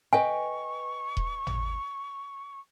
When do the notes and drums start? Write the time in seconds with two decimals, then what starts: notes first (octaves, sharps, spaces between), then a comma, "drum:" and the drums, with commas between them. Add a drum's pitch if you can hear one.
0.13 B4 D#5 G5 G#5 C#6
1.17 drum: kick D#1
1.47 drum: tom G#1